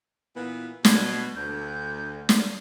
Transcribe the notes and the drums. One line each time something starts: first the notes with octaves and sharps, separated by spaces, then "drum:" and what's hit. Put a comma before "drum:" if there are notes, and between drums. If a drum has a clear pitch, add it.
A#2 E3 B3
B2 G#6, drum: snare
D2 G6
drum: snare